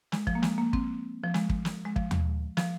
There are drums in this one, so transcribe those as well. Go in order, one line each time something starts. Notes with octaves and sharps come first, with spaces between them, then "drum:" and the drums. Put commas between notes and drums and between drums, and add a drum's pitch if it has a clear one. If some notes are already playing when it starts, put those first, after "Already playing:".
G#3, drum: snare
F3, drum: kick
A#3
G#3, drum: snare
A#3
C4, drum: kick
F3
G#3, drum: snare
drum: kick
drum: snare
G#3
F3, drum: kick
drum: tom
F3, drum: snare